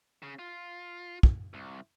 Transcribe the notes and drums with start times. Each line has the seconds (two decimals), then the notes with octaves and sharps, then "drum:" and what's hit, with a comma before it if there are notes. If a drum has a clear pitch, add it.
0.23 C#3
0.39 F4
1.23 drum: kick
1.54 C2